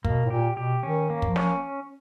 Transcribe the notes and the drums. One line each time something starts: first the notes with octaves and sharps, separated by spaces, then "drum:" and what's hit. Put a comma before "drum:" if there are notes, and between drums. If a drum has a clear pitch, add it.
B2 A#3, drum: kick
A2
A#2 G4
B2 G4
D#3 C#4
A#3
F3, drum: kick
C#4, drum: snare